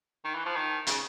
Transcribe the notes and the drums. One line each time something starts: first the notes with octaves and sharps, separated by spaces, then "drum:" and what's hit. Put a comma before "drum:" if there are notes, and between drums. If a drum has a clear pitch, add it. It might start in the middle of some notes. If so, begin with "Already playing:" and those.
D#3
E3
F3
D#3
C#3, drum: hi-hat